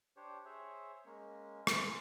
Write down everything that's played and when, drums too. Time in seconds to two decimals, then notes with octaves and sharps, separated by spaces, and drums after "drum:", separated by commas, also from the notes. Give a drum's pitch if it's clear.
0.17 D4 G4 C5 C#5
0.45 G#4 C5 C#5 E5
1.05 G#3 A#3 C#4
1.67 A#3 F4 G#4 C5, drum: rim click